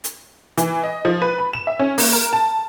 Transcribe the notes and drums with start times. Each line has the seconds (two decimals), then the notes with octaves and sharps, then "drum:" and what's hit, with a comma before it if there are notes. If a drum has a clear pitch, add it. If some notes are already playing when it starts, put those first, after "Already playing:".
0.04 drum: hi-hat
0.57 E3, drum: hi-hat
0.84 D#5
1.05 F3
1.22 B4
1.38 B5
1.53 E7
1.67 E5
1.79 C#4
1.98 A#3, drum: open hi-hat
2.13 A#4
2.33 A5